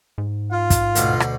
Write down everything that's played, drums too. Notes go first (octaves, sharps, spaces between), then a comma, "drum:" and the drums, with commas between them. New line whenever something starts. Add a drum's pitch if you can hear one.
G#2
F4 F5
drum: kick, hi-hat
D2 B2 C5, drum: hi-hat
drum: rim click